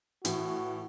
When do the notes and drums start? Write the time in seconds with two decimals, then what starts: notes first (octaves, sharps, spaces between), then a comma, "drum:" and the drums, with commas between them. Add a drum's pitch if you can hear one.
0.25 A2 E3 F#4, drum: hi-hat